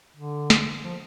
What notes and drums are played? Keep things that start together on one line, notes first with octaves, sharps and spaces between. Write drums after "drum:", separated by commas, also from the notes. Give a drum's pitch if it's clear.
D3
drum: snare
F3